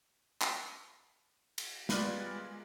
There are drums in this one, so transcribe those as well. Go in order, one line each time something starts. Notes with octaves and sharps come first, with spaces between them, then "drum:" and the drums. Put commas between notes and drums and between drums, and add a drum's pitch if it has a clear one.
drum: clap
drum: cymbal
G3 G#3 B3 F4 A#4 B4 D5, drum: snare